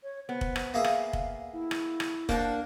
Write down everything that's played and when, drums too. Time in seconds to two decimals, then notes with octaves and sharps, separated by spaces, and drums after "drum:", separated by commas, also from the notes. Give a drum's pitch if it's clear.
0.03 C#5
0.29 B3 C5
0.41 drum: kick F1
0.56 drum: rim click
0.74 A#3 G#4 E5 F5
0.84 drum: rim click
1.13 drum: kick F1
1.53 E4
1.71 drum: rim click
2.00 drum: rim click
2.29 A#3 D4 C5 F#5 G5, drum: kick F1